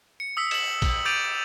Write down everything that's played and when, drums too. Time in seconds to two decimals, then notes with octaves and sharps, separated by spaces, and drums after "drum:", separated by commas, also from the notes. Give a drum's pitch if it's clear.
0.20 C#7
0.37 D#6 E6 B6
0.51 E7 F#7, drum: cymbal
0.82 drum: kick, cymbal
1.05 D6 G6 A6 D7 D#7 F7